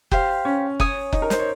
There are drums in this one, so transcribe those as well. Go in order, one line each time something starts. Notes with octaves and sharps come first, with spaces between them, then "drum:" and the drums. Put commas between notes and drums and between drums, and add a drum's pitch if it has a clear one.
G4 C5 F5, drum: kick F#1
C#4
C#5 G#5 D#6, drum: kick F#1
D#4, drum: kick F#1
A#4
C5, drum: snare
C#5